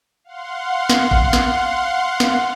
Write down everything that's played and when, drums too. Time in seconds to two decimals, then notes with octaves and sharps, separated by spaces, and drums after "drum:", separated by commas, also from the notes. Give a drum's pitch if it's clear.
0.24 F5 F#5 C6
0.90 drum: snare
1.11 drum: kick
1.33 drum: snare
2.20 drum: snare